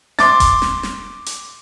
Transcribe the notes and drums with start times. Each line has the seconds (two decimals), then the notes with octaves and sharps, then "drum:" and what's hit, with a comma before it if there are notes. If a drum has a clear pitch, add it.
0.19 C6 D6 A6, drum: snare
0.40 drum: kick E1, hi-hat
0.62 drum: snare
0.83 drum: snare
1.26 drum: hi-hat